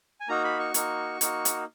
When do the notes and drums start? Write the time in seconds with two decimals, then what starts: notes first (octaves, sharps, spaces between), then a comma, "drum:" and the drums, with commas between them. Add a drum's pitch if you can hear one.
0.21 G#5
0.28 A#3 D#4 F#4 A#5
0.44 B5
0.59 C#6
0.74 A#3 D#4 F#4, drum: hi-hat
1.21 A#3 D#4 F#4, drum: hi-hat
1.45 drum: hi-hat